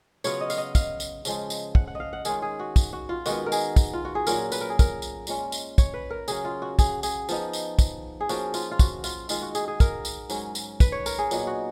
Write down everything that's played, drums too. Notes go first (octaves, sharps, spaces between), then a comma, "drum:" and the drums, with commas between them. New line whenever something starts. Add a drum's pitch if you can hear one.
C#3 F#3 B3 F4 C#5, drum: tambourine
D#5
F5, drum: tambourine
D#5
F5, drum: kick, tambourine
drum: tambourine
C#3 F3 G#3, drum: tambourine
drum: tambourine
F#5, drum: kick
F#5
D#5 F5
F#5
D#3 G#3 C#4 F4 G#4, drum: tambourine
G#4
F#4
drum: kick, tambourine
F#4
F4
D#3 G#3 B3 F#4, drum: tambourine
A#4
G#4, drum: tambourine
drum: kick, tambourine
F4
F#4
G#4
A#2 F#3 C#4 F4 A#4, drum: tambourine
B4, drum: tambourine
A#4
G#4
A#4, drum: kick, tambourine
drum: tambourine
A#2 G#3 C#4 F4, drum: tambourine
drum: tambourine
C#5, drum: kick, tambourine
B4
A#4
C#3 F#3 C#4 G#4, drum: tambourine
F4
F#4
G#4, drum: kick, tambourine
G#4, drum: tambourine
F3 B3 D#4, drum: tambourine
drum: tambourine
drum: kick, tambourine
G#4
F3 A#3 C#4 F#4, drum: tambourine
F4, drum: tambourine
F4
F#4, drum: kick, tambourine
F4, drum: tambourine
D#3 G#3 D#4 F4, drum: tambourine
F#4
G#4, drum: tambourine
G#4
A#4, drum: kick, tambourine
drum: tambourine
G#2 F#3 C#4, drum: tambourine
drum: tambourine
B4, drum: kick, tambourine
C#5
A#4, drum: tambourine
G#4
A#2 F#3 B3 D#4, drum: tambourine
F#4